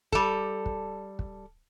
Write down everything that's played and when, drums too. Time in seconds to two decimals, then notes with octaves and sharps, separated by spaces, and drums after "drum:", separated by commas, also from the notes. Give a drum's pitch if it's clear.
0.12 G3 A4, drum: kick
0.66 drum: kick
1.19 drum: kick